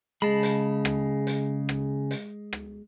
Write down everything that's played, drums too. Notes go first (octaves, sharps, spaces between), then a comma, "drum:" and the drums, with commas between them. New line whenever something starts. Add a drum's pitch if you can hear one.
C#3 G#3 A5 B5
drum: hi-hat
drum: rim click
drum: hi-hat
drum: rim click
drum: hi-hat
drum: rim click